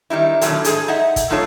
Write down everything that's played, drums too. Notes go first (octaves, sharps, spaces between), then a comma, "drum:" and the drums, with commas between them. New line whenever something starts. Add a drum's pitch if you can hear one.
D#3 G3 D#4 E4
B2 D3 D#3 F#3 G#3 A3, drum: hi-hat
G#2 E3 G#4 A4, drum: hi-hat
D#4 D#5 E5 F#5
drum: kick, hi-hat
F#2 A3 D#4 F4 A4 C#5